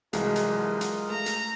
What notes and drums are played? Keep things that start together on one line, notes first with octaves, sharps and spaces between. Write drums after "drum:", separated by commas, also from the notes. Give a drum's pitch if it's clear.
C2 E3 F#3 G#3 F4 A#4 D#5, drum: hi-hat
drum: hi-hat
drum: hi-hat
A3 A#5
drum: hi-hat